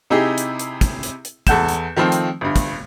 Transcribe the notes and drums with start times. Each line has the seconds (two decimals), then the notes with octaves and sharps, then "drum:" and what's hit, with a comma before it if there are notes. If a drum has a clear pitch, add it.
0.10 C3 D#4 E4 G4 G#4
0.38 drum: hi-hat
0.59 drum: hi-hat
0.81 drum: kick, hi-hat
1.03 drum: hi-hat
1.25 drum: hi-hat
1.47 E2 A4 F#5 G6 E7, drum: kick, hi-hat
1.68 drum: hi-hat
1.97 D#3 F3 A3 C4
2.12 drum: hi-hat
2.41 G1 G2
2.56 drum: kick, hi-hat